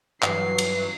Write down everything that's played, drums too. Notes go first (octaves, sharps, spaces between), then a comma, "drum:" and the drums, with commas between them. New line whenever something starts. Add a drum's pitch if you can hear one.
G2 E3 F#3 B4 C7, drum: clap
drum: cymbal